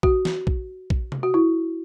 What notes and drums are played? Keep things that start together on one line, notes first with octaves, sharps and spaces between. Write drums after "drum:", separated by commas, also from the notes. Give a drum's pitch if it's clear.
F#4, drum: kick A#1
drum: snare
drum: kick A#1
drum: kick A#1
drum: tom C3
F#4
E4